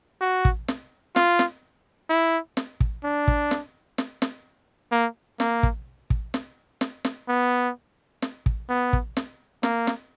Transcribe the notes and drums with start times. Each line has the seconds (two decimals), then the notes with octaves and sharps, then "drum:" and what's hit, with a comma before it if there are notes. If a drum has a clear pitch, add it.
0.21 F#4
0.45 drum: kick
0.68 drum: snare
1.16 F4, drum: snare
1.39 drum: snare
2.10 E4
2.57 drum: snare
2.80 drum: kick
3.04 D4
3.28 drum: kick
3.51 drum: snare
3.98 drum: snare
4.22 drum: snare
4.92 A#3
5.40 A#3, drum: snare
5.63 drum: kick
6.10 drum: kick
6.34 drum: snare
6.81 drum: snare
7.05 drum: snare
7.28 B3
8.22 drum: snare
8.46 drum: kick
8.69 B3
8.93 drum: kick
9.17 drum: snare
9.63 A#3, drum: snare
9.87 drum: snare